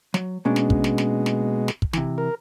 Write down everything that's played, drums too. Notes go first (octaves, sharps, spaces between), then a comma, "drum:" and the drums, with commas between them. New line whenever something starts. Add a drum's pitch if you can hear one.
F#3, drum: snare
B2 G#3 A#3 C#4 D4
drum: snare
drum: kick
drum: snare
drum: snare
drum: snare
drum: snare
drum: kick
C3 E3, drum: snare
A#4